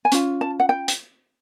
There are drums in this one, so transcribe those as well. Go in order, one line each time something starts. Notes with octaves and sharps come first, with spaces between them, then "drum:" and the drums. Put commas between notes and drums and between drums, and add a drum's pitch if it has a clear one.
G#5
C#4 F4, drum: hi-hat
A5
F#5
G5
drum: hi-hat